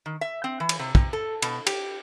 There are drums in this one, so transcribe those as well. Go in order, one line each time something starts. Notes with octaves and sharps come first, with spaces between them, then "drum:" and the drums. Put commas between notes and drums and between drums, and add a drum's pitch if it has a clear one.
D#3
E5
C4
E3
drum: cymbal
C3
C3, drum: kick
A4
B2, drum: cymbal
G4, drum: cymbal